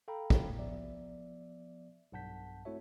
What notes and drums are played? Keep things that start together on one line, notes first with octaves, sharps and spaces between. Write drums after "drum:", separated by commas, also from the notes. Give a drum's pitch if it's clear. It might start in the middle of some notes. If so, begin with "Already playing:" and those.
A4 F5 G5 A#5 B5
drum: kick
F3 B3 D5 E5
B1 G2 F#5 A5 G6 B6
A3 C4 E4 F#4 C#5 E5